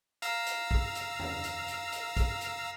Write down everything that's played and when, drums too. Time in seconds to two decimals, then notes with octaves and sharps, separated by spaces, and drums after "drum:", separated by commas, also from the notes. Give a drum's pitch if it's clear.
0.22 F5 A#5 E6, drum: hi-hat
0.46 drum: hi-hat
0.71 drum: kick
0.95 drum: hi-hat
1.19 drum: tom E2
1.44 drum: hi-hat
1.68 drum: hi-hat
1.92 drum: hi-hat
2.17 drum: kick, hi-hat
2.41 drum: hi-hat